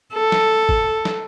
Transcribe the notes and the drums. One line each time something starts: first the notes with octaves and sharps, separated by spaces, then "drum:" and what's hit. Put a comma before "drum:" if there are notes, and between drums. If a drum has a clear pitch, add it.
A4
drum: snare
drum: kick
drum: snare